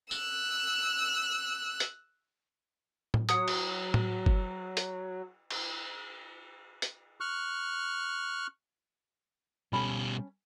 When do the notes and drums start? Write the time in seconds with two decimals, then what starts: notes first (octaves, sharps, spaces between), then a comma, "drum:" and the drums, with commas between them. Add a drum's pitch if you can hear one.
0.11 E6 F#6, drum: tambourine
1.80 drum: hi-hat
3.14 drum: tom A2
3.29 F#3 D#6 C#7, drum: hi-hat
3.48 drum: cymbal
3.94 drum: tom A2
4.26 drum: kick
4.77 drum: hi-hat
5.50 drum: cymbal
6.82 drum: hi-hat
7.20 C#6 F6 F#6
9.73 B2 G3 C#4 A4 B5